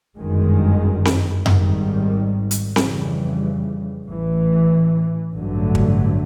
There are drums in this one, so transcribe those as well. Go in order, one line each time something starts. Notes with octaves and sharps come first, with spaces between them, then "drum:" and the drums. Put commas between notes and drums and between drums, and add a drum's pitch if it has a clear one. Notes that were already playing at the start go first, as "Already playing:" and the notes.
G1 F#2 D#3 G#3
drum: snare C4
G#1 G#2 D#3 G3, drum: tom F#2
drum: hi-hat
F2 C#3 E3 G3, drum: snare C4
A1 A2 E3
A1 G2 D3 F#3 A3
drum: kick